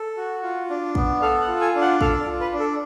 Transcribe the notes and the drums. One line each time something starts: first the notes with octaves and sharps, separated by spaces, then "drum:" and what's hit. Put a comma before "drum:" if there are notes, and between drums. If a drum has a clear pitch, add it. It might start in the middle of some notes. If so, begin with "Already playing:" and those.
Already playing: A4
F#4
F4
D4
B3, drum: kick
A4 F5
F#5
F4
G#5
D4
F#5
A4 F5, drum: kick
D5
F4
B4
D4
A4